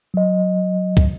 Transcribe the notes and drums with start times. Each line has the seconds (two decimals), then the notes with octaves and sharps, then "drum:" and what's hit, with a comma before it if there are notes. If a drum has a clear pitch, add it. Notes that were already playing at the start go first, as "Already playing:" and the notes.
0.14 F#3 D#5
0.97 drum: kick